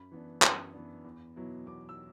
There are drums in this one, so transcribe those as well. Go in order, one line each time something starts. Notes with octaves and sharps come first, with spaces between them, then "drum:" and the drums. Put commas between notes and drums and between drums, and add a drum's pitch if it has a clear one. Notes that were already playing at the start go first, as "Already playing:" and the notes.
Already playing: F#2 B5
E3 B3 D4
F#2, drum: clap
E3 B3 D4
E2
B2 F#3 B3 E4
E2 D6
E6